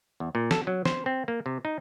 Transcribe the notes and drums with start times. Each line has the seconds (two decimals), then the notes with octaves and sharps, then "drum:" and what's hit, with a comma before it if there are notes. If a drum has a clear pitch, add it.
0.20 E2
0.35 A#2
0.51 A4, drum: snare
0.67 F#3
0.85 C5, drum: snare
1.06 C4
1.28 A#3
1.46 C3
1.65 D#4